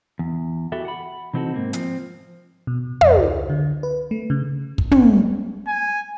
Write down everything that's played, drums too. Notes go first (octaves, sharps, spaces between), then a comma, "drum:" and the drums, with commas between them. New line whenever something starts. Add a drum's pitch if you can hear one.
E2
E4 F#4 G4 A4 E5
F#5 B5
C3 E3 C4 D#4 F#4 A4
G#2 A#3 C4
F3 C4, drum: hi-hat
B2
F2, drum: tom
C#2
D3
B4
A3
C#3
drum: kick
drum: tom
G#5